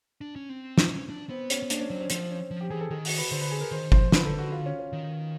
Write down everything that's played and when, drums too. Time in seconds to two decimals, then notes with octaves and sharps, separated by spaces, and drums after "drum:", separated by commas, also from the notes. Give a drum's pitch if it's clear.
0.21 D4
0.36 C#4
0.49 C4
0.78 drum: snare
0.89 C#4
1.10 D4
1.29 B3 C4
1.50 C#4, drum: hi-hat
1.63 B3
1.70 A#3 D4, drum: hi-hat
1.80 C#4
1.90 F#3 C4
2.01 C#4
2.10 F3 C4, drum: hi-hat
2.31 C#4
2.51 F3
2.61 G4
2.70 E3 G#4
2.81 A4
2.90 D#3 G#4
3.05 F#4, drum: open hi-hat
3.18 B4
3.31 D3 C5
3.41 B4
3.51 G#4
3.61 A#4
3.71 D#3 C5
3.92 F3 C5, drum: kick G1
4.12 D3 B4, drum: snare
4.25 A4
4.39 F#4
4.52 F4
4.66 C#4
4.79 C#4
4.93 D#3